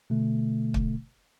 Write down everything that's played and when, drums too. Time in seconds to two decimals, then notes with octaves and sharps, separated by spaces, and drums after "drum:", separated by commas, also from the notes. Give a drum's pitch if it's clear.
0.10 B2 D3 A3
0.74 drum: kick